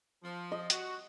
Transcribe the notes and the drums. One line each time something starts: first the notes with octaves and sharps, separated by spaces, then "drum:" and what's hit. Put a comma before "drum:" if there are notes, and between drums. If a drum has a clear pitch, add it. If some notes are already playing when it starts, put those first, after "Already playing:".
F3
D#5
F#4, drum: hi-hat